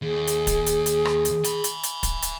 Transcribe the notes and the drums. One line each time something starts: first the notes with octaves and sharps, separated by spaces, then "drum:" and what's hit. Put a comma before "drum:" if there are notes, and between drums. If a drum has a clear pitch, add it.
D#2 G#4
drum: hi-hat
drum: kick, hi-hat
drum: hi-hat
drum: hi-hat
drum: rim click
drum: hi-hat
G#5 B5, drum: hi-hat
drum: hi-hat
drum: hi-hat
drum: kick, hi-hat
drum: hi-hat